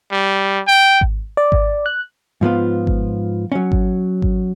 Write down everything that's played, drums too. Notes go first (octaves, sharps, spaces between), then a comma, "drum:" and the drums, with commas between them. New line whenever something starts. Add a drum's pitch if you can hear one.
G3
G5
drum: kick G#1
D5
drum: kick G#1
F#6
G#2 F3 B3 F4
drum: kick G#1
F#3 C#4
drum: kick G#1
drum: kick G#1